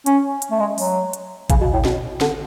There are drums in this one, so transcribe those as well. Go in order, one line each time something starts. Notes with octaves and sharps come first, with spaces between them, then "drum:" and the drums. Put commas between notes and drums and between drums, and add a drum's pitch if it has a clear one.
C#4, drum: hi-hat
drum: hi-hat
A3
G#3
F#3, drum: open hi-hat
drum: hi-hat
C#3, drum: kick G#1, hi-hat
B2
A2
B2, drum: snare
D3, drum: snare